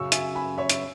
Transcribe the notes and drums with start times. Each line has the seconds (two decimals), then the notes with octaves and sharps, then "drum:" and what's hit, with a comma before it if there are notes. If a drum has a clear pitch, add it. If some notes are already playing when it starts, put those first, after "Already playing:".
Already playing: F#2 C#3 F#3 C#6 E6
0.12 E5 G#5, drum: hi-hat
0.35 G#5 B5
0.58 C#5 E5
0.70 E5, drum: hi-hat